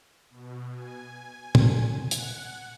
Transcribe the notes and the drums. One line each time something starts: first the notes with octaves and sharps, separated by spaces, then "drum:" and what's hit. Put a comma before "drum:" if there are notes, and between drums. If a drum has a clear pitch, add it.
B2
G#5
drum: tom
F#5, drum: hi-hat